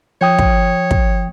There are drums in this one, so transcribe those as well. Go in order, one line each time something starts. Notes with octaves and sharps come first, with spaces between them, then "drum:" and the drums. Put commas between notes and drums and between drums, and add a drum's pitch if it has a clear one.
F3 C#5 G5 D#6
drum: kick
drum: kick